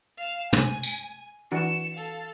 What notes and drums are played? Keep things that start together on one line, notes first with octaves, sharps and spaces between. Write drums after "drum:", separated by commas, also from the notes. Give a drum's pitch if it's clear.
F5 E7
G#5, drum: tom
drum: tambourine
E3 D4 F#4 C#7 E7
A4 F5